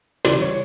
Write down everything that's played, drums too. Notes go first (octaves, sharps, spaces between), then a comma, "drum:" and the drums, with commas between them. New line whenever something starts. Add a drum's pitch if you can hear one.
C#3 E3 G3 D5, drum: snare
C#5